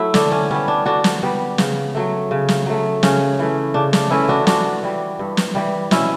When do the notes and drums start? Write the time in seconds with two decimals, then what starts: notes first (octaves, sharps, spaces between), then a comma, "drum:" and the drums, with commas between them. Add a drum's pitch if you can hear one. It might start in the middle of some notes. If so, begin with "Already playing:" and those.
Already playing: F#3 A3 E4 F#4
0.14 D3 D4, drum: snare
0.32 C#4
0.51 G3 B3 C#4
0.68 D4
0.86 D3 D4 F#4
1.04 drum: snare
1.23 G3 B3
1.58 C#3, drum: snare
1.95 F#3 A3
2.31 C#3
2.48 drum: snare
2.66 F#3 A3
3.03 C#3 C#4, drum: snare
3.39 E3 A3
3.74 C#3 D4
3.93 D4, drum: snare
4.10 E3 A3 C#4 E4
4.29 D4 F#4
4.47 G2 D4 F#4, drum: snare
4.83 E3 G3
5.19 G2
5.37 drum: snare
5.55 E3 G3
5.91 B2 C#4 E4, drum: snare